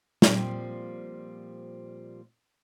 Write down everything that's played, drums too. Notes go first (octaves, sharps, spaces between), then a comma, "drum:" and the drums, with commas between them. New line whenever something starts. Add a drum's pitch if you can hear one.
A#2 F3 G3 C4, drum: snare